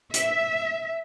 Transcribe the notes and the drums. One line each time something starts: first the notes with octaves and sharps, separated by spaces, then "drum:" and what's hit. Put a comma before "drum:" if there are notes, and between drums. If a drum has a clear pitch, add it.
E5, drum: hi-hat